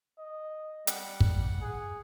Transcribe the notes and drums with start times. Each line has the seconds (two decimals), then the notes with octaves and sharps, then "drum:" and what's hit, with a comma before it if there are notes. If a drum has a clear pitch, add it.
0.18 D#5
0.87 G3 F#5, drum: hi-hat
1.20 drum: kick
1.61 G#4